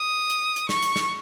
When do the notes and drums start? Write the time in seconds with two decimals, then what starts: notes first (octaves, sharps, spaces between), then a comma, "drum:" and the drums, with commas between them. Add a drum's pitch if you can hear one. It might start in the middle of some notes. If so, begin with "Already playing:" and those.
Already playing: D#6
0.30 drum: hi-hat
0.56 drum: hi-hat
0.69 C#6, drum: snare
0.83 drum: hi-hat
0.96 drum: snare